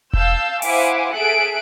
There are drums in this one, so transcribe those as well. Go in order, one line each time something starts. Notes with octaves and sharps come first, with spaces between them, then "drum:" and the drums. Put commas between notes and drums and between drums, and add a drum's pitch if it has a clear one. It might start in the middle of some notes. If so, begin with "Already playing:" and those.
F5 A5 E6 G6, drum: kick E1
E4 C5 F5 F#5 G#5 D6, drum: open hi-hat
G#4 A4 E5 F#6 D7